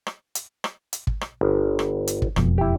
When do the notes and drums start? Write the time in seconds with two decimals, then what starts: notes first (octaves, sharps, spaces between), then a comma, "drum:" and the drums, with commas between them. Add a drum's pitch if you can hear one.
0.07 drum: rim click
0.35 drum: hi-hat
0.64 drum: rim click
0.93 drum: hi-hat
1.07 drum: kick
1.21 drum: rim click
1.41 G1
1.79 drum: rim click
2.07 drum: hi-hat
2.22 drum: kick
2.36 E1 F2 B2, drum: rim click
2.58 E4 G4